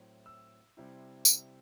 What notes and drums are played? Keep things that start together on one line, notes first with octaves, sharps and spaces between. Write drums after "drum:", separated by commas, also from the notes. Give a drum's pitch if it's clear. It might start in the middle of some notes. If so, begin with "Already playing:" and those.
Already playing: A2 F#3 C4 E4
E6
C3 G3 C4 E4
drum: tambourine